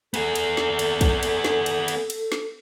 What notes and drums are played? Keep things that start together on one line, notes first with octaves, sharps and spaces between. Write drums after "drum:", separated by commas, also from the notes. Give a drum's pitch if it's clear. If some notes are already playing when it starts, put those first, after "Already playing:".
B3 G#4 A4, drum: cymbal
drum: cymbal
drum: snare
drum: cymbal
drum: kick, cymbal
drum: cymbal
drum: snare
drum: cymbal
drum: cymbal
drum: cymbal
drum: snare